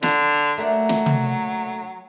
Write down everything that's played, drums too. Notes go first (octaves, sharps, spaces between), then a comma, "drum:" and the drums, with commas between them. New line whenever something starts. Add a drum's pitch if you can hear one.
D3, drum: snare
F#3 A3 A#3 D4
drum: snare
drum: tom